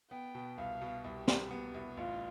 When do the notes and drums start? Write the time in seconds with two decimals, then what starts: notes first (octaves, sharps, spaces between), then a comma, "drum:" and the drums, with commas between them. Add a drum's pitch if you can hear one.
0.11 B3 G5
0.35 B2
0.57 C2 F5
0.81 B2
1.04 C2 G4
1.28 C2, drum: snare
1.51 B3
1.74 C2
1.97 A1 F4